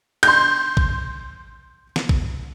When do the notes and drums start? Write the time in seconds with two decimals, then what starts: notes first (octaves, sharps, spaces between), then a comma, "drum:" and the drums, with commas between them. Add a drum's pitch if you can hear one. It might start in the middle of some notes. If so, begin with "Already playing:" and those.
0.23 C6 G6, drum: cymbal
0.77 drum: kick A#1
1.96 drum: snare
2.09 drum: kick A#1